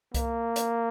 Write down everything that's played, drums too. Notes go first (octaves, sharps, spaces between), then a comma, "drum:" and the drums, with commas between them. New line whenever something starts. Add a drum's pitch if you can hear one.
A#3, drum: kick C2, hi-hat
drum: hi-hat